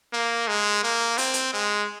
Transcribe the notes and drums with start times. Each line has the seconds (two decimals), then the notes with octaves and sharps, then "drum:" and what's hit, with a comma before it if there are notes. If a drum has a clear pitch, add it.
0.13 A#3
0.48 G#3
0.83 A#3
1.18 C4, drum: open hi-hat
1.34 drum: hi-hat
1.54 G#3